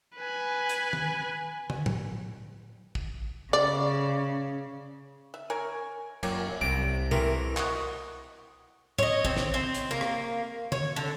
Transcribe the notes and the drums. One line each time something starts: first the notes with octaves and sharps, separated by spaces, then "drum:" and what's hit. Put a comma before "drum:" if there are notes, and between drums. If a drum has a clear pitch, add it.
B4 G#5
drum: hi-hat
drum: tom
drum: tom
drum: tom A2
drum: kick
C#3 D5
E5
A#4 C#5 G#5
F#2 A#2 A#3 G4 C#5, drum: cymbal
C2 C3 D6
D3 E3 A3 C4 A#4, drum: tom
F#4 D#5, drum: clap
C#5 D#5, drum: tom A2
C4, drum: kick
drum: snare
C4
drum: hi-hat
A#3
drum: rim click
C#5, drum: tom
D3